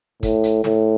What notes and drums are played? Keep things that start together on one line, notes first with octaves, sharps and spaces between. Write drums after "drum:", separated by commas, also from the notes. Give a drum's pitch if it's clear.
A2, drum: kick, hi-hat
drum: hi-hat
A2, drum: snare